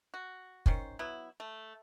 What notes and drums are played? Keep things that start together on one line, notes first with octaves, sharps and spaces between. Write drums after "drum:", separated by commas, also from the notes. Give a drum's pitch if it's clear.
F#4
D#3 C#4 C5, drum: kick
F#3 B3 E4
A3